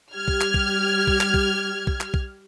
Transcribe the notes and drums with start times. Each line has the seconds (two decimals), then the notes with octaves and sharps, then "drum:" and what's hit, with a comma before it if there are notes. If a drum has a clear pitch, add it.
0.14 G3 G4 F6 G#6
0.28 drum: kick
0.41 drum: clap
0.54 drum: kick
1.07 drum: kick
1.21 drum: clap
1.34 drum: kick
1.87 drum: kick
2.00 drum: clap
2.14 drum: kick